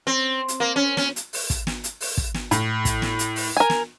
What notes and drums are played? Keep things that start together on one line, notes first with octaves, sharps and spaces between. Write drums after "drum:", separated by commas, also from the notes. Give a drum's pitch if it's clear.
C4
drum: hi-hat
A#3
C#4
C#4, drum: snare
drum: hi-hat
drum: open hi-hat
drum: kick, hi-hat
drum: snare
drum: hi-hat
drum: open hi-hat
drum: kick
drum: snare
A2, drum: hi-hat
drum: kick, hi-hat
drum: snare
drum: hi-hat
drum: open hi-hat
A#4 G#5
drum: snare